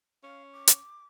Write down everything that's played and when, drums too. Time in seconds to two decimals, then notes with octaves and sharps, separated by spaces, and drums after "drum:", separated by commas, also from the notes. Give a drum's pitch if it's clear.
0.23 C#4 F5
0.52 D6
0.67 drum: hi-hat